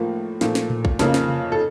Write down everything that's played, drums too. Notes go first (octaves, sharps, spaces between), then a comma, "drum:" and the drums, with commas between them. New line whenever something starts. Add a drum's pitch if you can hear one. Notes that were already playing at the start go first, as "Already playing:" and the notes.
Already playing: A2 F3 A#3
A#2 F3 A3, drum: snare
drum: snare
drum: tom A2
drum: kick A1
F2 C#3 F3 A#3, drum: snare
drum: snare
drum: tom C3
A4